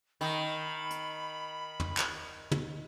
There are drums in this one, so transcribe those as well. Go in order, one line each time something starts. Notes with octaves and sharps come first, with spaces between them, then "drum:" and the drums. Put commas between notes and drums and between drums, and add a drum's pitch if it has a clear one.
D#3 B5, drum: cymbal
drum: hi-hat
drum: tom
drum: clap
drum: tom